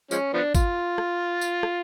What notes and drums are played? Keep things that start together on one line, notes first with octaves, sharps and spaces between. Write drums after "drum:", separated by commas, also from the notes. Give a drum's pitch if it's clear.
F3 G#3 C#4, drum: tambourine
F3 B3 D4
F4, drum: kick, tambourine
drum: rim click
drum: tambourine
drum: rim click